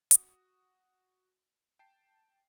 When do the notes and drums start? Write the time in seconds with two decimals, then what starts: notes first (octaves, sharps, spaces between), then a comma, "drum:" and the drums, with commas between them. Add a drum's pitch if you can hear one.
0.11 F#4 D#6, drum: hi-hat
1.79 G5 A5 C7